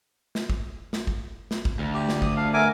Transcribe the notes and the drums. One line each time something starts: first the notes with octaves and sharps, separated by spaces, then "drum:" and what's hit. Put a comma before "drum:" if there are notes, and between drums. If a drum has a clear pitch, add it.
drum: snare
drum: kick A1
drum: snare
drum: kick A1
drum: snare
drum: kick A1
D2
G4
drum: snare
D#6, drum: kick A1
D4 F5
A3 B3 A#4 E5 G#5 D6